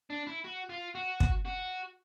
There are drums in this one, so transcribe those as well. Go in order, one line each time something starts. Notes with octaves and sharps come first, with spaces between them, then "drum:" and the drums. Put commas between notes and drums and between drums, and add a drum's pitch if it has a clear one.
D4
E4
F#4
F4
F#4
drum: kick
F#4